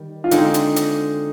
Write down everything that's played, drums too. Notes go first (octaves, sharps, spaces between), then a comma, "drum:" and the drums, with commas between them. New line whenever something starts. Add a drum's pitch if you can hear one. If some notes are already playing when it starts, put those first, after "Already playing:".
Already playing: D#3 G3
F4
D3 G#3 C4 D#4, drum: hi-hat
drum: hi-hat
drum: hi-hat